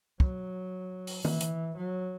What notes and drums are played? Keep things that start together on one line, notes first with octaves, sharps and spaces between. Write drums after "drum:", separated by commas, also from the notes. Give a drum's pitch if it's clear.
F#3, drum: kick
drum: open hi-hat
E3, drum: tom D#3
drum: hi-hat
F#3